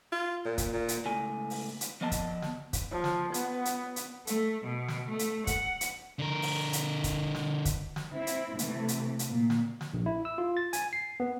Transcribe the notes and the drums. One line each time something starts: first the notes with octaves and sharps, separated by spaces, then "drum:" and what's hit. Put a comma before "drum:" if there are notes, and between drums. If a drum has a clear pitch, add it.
F4
A#2
drum: kick, hi-hat
A#2
drum: hi-hat
C#2 A2 G#5
drum: open hi-hat
drum: hi-hat
F3 B3 D5 D#5 A5
drum: kick, hi-hat
drum: snare
drum: kick, hi-hat
F3
drum: snare
B3, drum: hi-hat
drum: hi-hat
drum: hi-hat
A3, drum: hi-hat
B2
drum: snare
A3
drum: hi-hat
F#5, drum: kick, hi-hat
drum: hi-hat
D3 A#4
drum: open hi-hat
drum: hi-hat
drum: kick, hi-hat
drum: snare
drum: kick, hi-hat
drum: snare
C4 E4
drum: hi-hat
C3 E3 A3, drum: hi-hat
drum: hi-hat
drum: hi-hat
A#2
drum: snare
drum: snare
A#1
E4
E6
F4
A6
G#5, drum: hi-hat
C7
B3